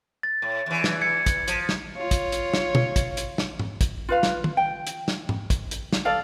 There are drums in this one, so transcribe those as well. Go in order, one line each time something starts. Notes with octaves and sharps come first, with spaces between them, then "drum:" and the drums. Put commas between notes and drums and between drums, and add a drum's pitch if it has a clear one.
A6
A2
E2 E3
drum: snare
G#6 C#7
drum: kick, hi-hat
F3, drum: hi-hat
drum: snare
F4 C#5
drum: kick, hi-hat
drum: hi-hat
drum: snare
drum: tom
drum: kick, hi-hat
drum: hi-hat
drum: snare
drum: tom G#2
drum: kick, hi-hat
F4 B4 F5
drum: snare
drum: tom
G5
drum: hi-hat
drum: snare
drum: tom G#2
drum: kick, hi-hat
drum: hi-hat
drum: snare
A4 D5 F5